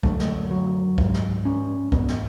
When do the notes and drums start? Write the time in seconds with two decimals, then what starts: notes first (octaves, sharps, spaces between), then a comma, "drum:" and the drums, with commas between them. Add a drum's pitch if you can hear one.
0.03 F#2 D3 A3, drum: kick
0.20 drum: snare
0.51 F#3
0.98 G#2, drum: kick
1.14 drum: snare
1.45 C#4
1.92 G#2 B3, drum: kick
2.08 drum: snare